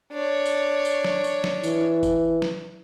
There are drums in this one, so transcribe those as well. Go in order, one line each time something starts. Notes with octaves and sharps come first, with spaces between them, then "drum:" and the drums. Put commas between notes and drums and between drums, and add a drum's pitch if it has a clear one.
D4 C#5
drum: tambourine
drum: tambourine
drum: snare
drum: tambourine
drum: snare
E3, drum: tambourine
drum: kick F#1, tambourine
drum: snare